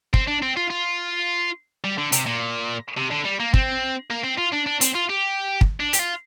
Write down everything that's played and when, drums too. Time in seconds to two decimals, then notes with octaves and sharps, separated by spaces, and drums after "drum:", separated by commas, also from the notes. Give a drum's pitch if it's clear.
0.14 C4, drum: kick
0.27 D4
0.42 C4
0.56 F4
0.70 F4
1.84 G3
1.98 D3
2.12 C3, drum: hi-hat
2.26 A#2
2.97 C3
3.11 D3
3.25 G3
3.40 A#3
3.54 C4, drum: kick
4.11 A#3
4.24 C4
4.38 F4
4.53 D4
4.67 D4
4.81 C4, drum: hi-hat
4.95 F4
5.10 G4
5.61 drum: kick
5.80 D4
5.93 G4, drum: hi-hat
5.99 F4